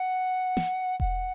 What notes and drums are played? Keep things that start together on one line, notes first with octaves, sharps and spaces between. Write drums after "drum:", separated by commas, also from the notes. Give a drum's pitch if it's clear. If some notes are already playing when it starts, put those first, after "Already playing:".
Already playing: F#5
drum: snare
F#5, drum: kick E1